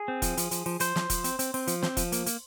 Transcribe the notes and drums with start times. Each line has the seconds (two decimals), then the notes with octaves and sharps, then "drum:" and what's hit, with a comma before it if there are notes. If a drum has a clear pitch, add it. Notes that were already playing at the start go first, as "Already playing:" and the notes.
Already playing: G#4
0.08 C4
0.22 F3, drum: kick E1, hi-hat
0.37 F3, drum: hi-hat
0.51 F3, drum: hi-hat
0.66 F3, drum: open hi-hat
0.80 F3 C5, drum: hi-hat
0.96 F3, drum: snare
1.10 F3, drum: kick E1, hi-hat
1.24 C4, drum: hi-hat
1.39 C4, drum: hi-hat
1.54 C4, drum: open hi-hat
1.67 F3, drum: hi-hat
1.83 C4, drum: snare
1.97 F3, drum: kick E1, hi-hat
2.12 A#3, drum: hi-hat
2.26 A#3, drum: hi-hat